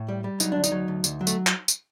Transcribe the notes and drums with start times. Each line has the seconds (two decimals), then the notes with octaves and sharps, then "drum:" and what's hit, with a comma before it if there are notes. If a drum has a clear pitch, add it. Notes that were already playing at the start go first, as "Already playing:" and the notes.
Already playing: A2
0.08 G3
0.24 G3
0.40 F#3 D#4, drum: tambourine
0.52 D2 D4
0.64 D#4, drum: tambourine
0.72 F#3
0.88 D2
1.04 D2, drum: tambourine
1.21 F#3
1.27 A3, drum: tambourine
1.47 drum: clap
1.68 drum: tambourine